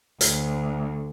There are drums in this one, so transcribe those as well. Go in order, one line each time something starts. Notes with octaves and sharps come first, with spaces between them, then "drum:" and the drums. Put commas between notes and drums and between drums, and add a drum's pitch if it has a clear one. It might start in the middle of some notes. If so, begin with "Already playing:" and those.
D2, drum: hi-hat